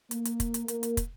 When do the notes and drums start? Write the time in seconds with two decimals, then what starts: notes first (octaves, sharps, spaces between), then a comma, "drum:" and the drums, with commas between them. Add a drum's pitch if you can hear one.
0.11 A#3, drum: hi-hat
0.25 drum: hi-hat
0.40 drum: kick, hi-hat
0.54 drum: hi-hat
0.68 A#3, drum: hi-hat
0.83 drum: hi-hat
0.97 drum: kick, hi-hat